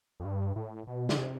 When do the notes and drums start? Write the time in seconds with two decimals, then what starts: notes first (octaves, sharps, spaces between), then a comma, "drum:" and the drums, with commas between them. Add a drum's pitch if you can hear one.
0.20 F2
0.25 G2
0.56 A2
0.87 B2
1.09 D3, drum: snare
1.17 C3